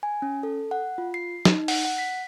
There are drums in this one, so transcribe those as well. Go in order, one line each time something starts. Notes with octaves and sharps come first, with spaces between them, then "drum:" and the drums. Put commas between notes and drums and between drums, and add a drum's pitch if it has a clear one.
G#5
C#4
A4
F#5
F4
C7
D#4, drum: snare
F#5, drum: open hi-hat
F#5
B6